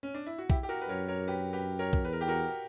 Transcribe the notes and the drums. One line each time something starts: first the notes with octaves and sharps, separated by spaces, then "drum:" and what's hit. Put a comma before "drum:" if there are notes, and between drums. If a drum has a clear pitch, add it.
C#4
D4
E4
F#4
E4 G4, drum: kick
G4
F#4 A#4
B4
F#2 A#4 C#5
A#4 C#5
G4 B4
G4 B4
A#4 C#5
drum: kick
E2 B4
A#4
G4
F#4 A#4